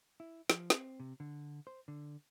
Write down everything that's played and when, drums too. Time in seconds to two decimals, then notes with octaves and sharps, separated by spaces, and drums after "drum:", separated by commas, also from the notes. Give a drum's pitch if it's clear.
0.20 E4
0.50 F3, drum: snare
0.70 C4, drum: snare
1.00 C3
1.20 D3
1.67 C5
1.88 D3